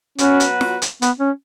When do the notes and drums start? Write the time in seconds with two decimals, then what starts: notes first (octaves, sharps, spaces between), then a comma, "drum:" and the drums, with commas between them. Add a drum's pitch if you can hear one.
0.18 F#3 B3 C#4 F#4 B4, drum: hi-hat
0.40 drum: hi-hat
0.61 drum: snare
0.82 drum: hi-hat
1.02 B3, drum: hi-hat
1.19 C#4